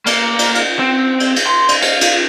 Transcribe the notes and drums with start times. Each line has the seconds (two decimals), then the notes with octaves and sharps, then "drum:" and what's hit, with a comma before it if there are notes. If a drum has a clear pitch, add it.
0.06 A#3, drum: cymbal
0.39 drum: cymbal
0.55 drum: cymbal
0.79 C4
1.20 drum: cymbal
1.36 drum: cymbal
1.47 C6
1.69 drum: cymbal
1.82 F5, drum: cymbal
2.01 drum: cymbal